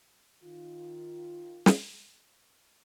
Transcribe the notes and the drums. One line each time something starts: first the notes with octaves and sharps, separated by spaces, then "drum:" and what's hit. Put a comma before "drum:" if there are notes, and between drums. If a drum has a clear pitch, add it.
D#3 F4
drum: snare